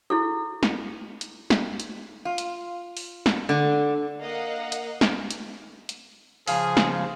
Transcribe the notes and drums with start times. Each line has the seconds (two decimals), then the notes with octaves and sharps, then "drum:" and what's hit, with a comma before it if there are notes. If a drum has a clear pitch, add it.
0.10 E4 G#4 A4
0.63 drum: snare
1.21 drum: hi-hat
1.50 drum: snare
1.80 drum: hi-hat
2.25 F4
2.38 drum: hi-hat
2.97 drum: open hi-hat
3.26 drum: snare
3.49 D3
4.21 A#3 D#5 F5 F#5
4.72 drum: hi-hat
5.01 drum: snare
5.31 drum: hi-hat
5.89 drum: hi-hat
6.47 C#3 F3 G#4 F5, drum: open hi-hat
6.77 drum: snare